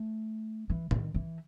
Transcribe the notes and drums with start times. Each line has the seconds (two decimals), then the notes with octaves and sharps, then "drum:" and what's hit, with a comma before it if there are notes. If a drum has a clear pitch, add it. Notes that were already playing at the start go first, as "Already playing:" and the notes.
Already playing: A3
0.70 E3
0.91 D#3, drum: tom A2
1.14 E3